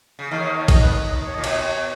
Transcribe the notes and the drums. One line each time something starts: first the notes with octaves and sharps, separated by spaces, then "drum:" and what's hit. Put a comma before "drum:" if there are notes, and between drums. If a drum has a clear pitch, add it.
C#3
D#2 D#3 F5
C#5
A#4
C#5
D#5, drum: kick A1, cymbal
B4
D#5
C#5
D#5
A#2
B2 C#5, drum: cymbal